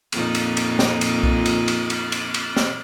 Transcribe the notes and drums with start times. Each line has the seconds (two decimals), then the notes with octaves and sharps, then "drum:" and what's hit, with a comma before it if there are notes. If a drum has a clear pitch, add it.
0.12 F2 A#2 D#4, drum: cymbal
0.35 drum: cymbal
0.57 drum: cymbal
0.79 drum: snare
1.01 drum: cymbal
1.23 drum: kick B1
1.46 drum: cymbal
1.68 drum: cymbal
1.90 drum: cymbal
2.12 drum: cymbal
2.34 drum: cymbal
2.56 drum: snare